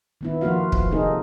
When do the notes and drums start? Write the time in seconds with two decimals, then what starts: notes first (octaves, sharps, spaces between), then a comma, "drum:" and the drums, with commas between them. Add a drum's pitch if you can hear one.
0.21 D#3 B3 E4
0.41 F3 A#3 F4 F#4 F5
0.72 drum: kick
0.91 C3 A#3 D#4 G#4 A4